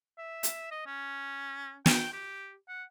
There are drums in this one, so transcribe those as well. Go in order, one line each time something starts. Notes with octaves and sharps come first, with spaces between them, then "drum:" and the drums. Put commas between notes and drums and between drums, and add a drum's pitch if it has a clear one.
E5
drum: hi-hat
D#5
C#4
G5, drum: snare
G4
F#5